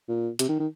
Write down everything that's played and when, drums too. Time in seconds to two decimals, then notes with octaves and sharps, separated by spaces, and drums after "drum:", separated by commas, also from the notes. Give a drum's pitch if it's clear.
0.09 A#2
0.39 C3, drum: hi-hat
0.49 D#3
0.60 D#3